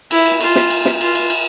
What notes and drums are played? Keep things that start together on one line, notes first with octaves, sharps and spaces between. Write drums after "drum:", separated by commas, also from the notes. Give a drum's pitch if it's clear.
E4, drum: cymbal
drum: cymbal
F4, drum: cymbal
drum: snare
drum: cymbal
drum: snare
F4, drum: cymbal
drum: cymbal
drum: cymbal